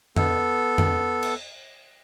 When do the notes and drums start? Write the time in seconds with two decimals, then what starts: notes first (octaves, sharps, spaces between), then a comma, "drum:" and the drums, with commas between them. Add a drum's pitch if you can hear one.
0.16 B3 A4, drum: tom F2
0.78 drum: tom F2
1.22 drum: cymbal